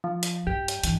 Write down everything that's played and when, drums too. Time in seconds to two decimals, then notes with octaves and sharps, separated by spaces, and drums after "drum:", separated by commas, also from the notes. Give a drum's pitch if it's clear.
0.04 F3
0.23 drum: hi-hat
0.47 G2 G4
0.68 drum: hi-hat
0.83 G2 E3, drum: hi-hat